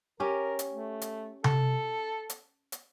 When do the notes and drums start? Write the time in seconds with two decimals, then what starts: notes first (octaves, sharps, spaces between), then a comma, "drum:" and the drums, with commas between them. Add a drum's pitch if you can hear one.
0.20 C#4 G4 A#4
0.59 drum: hi-hat
0.71 A3
1.01 drum: hi-hat
1.44 A4, drum: tom C3
2.30 drum: hi-hat
2.72 drum: hi-hat